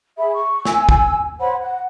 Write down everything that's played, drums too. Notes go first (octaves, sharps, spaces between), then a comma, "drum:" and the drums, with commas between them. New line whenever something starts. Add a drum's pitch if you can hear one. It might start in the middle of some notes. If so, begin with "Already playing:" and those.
G#4 E5 B5
C#6
G#5 E6, drum: snare
drum: kick
C5 C#5 F#5 B5
F#5